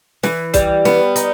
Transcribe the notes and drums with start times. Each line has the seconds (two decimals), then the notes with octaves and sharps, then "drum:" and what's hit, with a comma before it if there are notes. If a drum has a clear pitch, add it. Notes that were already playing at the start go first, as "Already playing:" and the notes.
0.23 E3, drum: snare
0.54 G3, drum: kick C2, hi-hat
0.85 B3, drum: snare
1.16 D#4, drum: hi-hat